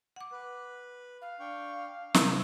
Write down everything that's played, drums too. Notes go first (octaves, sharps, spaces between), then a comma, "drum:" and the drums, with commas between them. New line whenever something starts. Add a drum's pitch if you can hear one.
F#5 D6
B4
F5
D4 G5 C#6
C3 B3 G5, drum: snare